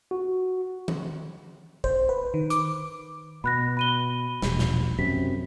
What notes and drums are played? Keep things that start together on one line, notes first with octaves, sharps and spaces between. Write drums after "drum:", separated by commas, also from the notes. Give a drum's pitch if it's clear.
F#4
drum: tom
C5, drum: kick
B4
D#3
D6, drum: hi-hat
B2 B5 F#6 A#6
B5 D#7 G7
E1 A#1, drum: snare
drum: snare
F#2 C3 B6